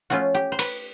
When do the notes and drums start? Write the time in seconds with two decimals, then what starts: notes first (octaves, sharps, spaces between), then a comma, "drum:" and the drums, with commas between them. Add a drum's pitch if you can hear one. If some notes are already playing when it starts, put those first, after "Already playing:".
0.10 F3 A3 C#4 F4 F#4
0.34 G4
0.52 C5
0.59 B4, drum: cymbal